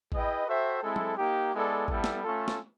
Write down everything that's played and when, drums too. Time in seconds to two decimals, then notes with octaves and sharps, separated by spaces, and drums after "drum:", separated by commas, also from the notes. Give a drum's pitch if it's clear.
0.12 E4 G#4 B4 D#5 G5, drum: kick
0.47 F#4 A4 C5 E5 G5
0.82 G#3 C4 E4 A4
0.96 drum: tom
1.17 A#3 D#4 G4
1.53 G#3 B3 E4 A4 D5
1.88 G3 B3 E4 A4, drum: kick
2.04 drum: snare
2.23 A3 C#4 F4 A4
2.48 drum: snare